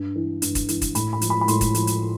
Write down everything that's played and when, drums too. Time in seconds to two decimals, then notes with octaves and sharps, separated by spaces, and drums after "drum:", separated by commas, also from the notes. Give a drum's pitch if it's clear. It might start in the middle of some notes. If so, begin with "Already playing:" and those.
Already playing: G2
0.16 E3
0.42 G2, drum: hi-hat
0.55 drum: kick, hi-hat
0.69 E3, drum: hi-hat
0.81 drum: kick, hi-hat
0.95 A2 B5, drum: hi-hat
1.13 B5
1.21 F3, drum: hi-hat
1.30 B5
1.41 B5
1.48 A2 C6, drum: hi-hat
1.61 drum: kick, hi-hat
1.75 F3, drum: hi-hat
1.87 drum: hi-hat